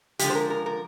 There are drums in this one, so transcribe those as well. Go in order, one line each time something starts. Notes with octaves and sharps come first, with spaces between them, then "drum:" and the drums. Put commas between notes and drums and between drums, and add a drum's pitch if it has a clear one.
D3 F3 G#3 G4, drum: hi-hat
C5
A#4
A#4
A#4